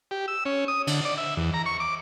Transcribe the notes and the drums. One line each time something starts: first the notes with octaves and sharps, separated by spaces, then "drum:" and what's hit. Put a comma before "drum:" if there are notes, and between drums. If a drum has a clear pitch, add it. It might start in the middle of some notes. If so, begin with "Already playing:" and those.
G4
E6
C#4
D#6
D3, drum: cymbal
D5
E5
E2
A#5
C#6
D6